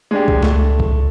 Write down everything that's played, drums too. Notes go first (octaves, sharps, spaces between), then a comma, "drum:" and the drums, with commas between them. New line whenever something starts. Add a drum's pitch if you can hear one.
G#3 D4 G4
drum: kick
C#2 A3, drum: snare A3
drum: kick